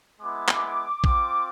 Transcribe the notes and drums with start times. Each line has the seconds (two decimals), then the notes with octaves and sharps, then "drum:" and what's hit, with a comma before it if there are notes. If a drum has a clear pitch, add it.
0.20 G#3 B3 E4 D6
0.48 drum: clap
1.04 C4 F4 D6, drum: kick